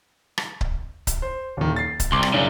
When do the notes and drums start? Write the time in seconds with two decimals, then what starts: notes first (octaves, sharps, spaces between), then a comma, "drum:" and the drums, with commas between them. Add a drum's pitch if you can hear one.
0.38 drum: rim click
0.61 drum: kick C#1
1.07 drum: kick C#1, hi-hat
1.22 C5
1.57 D#1 D#3
1.76 A6 C7
2.00 drum: kick C#1, hi-hat
2.12 C2 C6 D6
2.23 drum: rim click
2.34 F#2 C#3 D4